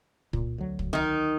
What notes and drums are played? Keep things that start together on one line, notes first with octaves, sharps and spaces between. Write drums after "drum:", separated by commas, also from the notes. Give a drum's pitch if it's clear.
A#2, drum: kick
D2 F#3
drum: kick
D#3 D#4